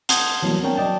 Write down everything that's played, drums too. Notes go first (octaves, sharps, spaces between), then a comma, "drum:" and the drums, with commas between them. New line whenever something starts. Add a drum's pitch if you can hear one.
F#5 A5 C6 D#6 G6 G#6, drum: hi-hat
E3 F#3 G3 A#3 B3
C4 D4 A#4 C#5 G5 A5
F#3 D5 D#5 G5 A5